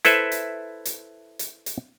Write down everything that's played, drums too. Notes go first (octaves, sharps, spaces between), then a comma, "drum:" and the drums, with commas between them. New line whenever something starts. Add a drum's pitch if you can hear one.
E4 A4 B4 C5 E5, drum: hi-hat
drum: hi-hat
drum: hi-hat
drum: hi-hat
drum: hi-hat